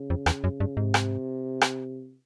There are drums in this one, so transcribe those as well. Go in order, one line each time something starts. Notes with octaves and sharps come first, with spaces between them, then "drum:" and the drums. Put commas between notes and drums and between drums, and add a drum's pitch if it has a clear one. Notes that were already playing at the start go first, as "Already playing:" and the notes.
Already playing: C#3
F2
E2, drum: rim click
F#2
G2
G#2 C3
drum: rim click
drum: rim click